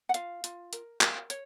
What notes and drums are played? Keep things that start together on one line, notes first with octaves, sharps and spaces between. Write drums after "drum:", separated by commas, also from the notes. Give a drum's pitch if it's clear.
F#5
F4 F5, drum: hi-hat
F4, drum: hi-hat
A#4, drum: hi-hat
A#4 F5, drum: clap
C#5, drum: hi-hat